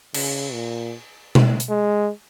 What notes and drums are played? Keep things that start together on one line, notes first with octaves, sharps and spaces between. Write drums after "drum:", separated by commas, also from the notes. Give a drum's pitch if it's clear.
C#3, drum: cymbal
A#2
drum: tom B2
drum: hi-hat
G#3